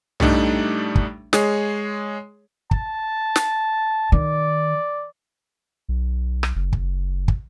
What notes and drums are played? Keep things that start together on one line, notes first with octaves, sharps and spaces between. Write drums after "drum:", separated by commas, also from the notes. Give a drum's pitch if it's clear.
A2 G3 A3 D4 D#4, drum: tom B1
drum: kick
G#3 G#4 C#5, drum: snare
A5, drum: kick
drum: snare
D#3 D5
B1
drum: rim click
F#1
drum: kick
drum: kick